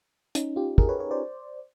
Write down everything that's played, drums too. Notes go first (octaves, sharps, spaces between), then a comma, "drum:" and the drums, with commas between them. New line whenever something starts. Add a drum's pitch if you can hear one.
C#4 D#4, drum: hi-hat
F4 G4
G#4 A#4, drum: kick
B4 C#5
B4 C#5
C5 D5